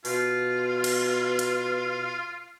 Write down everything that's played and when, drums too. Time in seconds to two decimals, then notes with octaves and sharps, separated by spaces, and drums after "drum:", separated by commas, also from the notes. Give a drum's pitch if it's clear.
0.05 B2 F4, drum: open hi-hat
0.84 drum: cymbal
1.39 drum: hi-hat